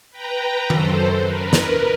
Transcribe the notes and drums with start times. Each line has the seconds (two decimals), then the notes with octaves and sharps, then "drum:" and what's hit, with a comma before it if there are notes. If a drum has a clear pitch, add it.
0.11 B4 G5 A#5
0.70 F#2 A4 C5, drum: tom D#3
1.23 A#4 B4
1.53 drum: snare